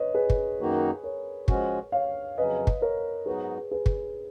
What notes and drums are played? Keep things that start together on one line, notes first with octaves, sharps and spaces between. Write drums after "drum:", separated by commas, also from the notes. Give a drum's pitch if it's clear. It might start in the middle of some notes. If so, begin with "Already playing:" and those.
Already playing: B4 C#5 D#5
G#4 B4
drum: kick
F#2 D#3 A#3 D#4 F#4
A#4 C#5
F3 G#3 C#4 F#4, drum: kick
C#5 F5
F2 C#3 F#3 C#4 B4 D#5
drum: kick
A#4 C#5
G#2 F#3 B3 D#4 F#4 G#4 B4
G#4 B4
drum: kick